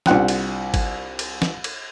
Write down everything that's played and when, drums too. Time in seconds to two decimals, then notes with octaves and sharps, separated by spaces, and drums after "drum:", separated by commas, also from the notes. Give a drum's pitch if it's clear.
0.06 C2 D4 F4 F#5 G5, drum: snare
0.28 drum: cymbal
0.74 drum: kick G#1, cymbal
1.19 drum: cymbal
1.42 drum: snare
1.64 drum: cymbal